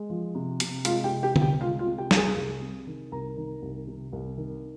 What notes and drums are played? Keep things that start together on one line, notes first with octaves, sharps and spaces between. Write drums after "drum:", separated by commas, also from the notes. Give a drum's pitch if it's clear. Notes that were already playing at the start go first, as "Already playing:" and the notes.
Already playing: G#3
F3
C3
C3, drum: hi-hat
G#3 F4 F5, drum: hi-hat
G4 G5
C3
G4 G5
C2, drum: tom D3
G4 G5
G#3 F4 F5
F4 F5
C3
G4 G5
C2, drum: snare
G#4 G#5
C2
C3
D#3
C2 A#4 A#5
D#3
C2
C3
C2
D#3